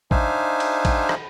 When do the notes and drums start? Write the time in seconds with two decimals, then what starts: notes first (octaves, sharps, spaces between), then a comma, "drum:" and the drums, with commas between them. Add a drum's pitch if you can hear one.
0.11 D4 D#4 C5 E5 F5 G#5, drum: kick
0.60 drum: cymbal
0.85 drum: kick, cymbal
1.09 drum: rim click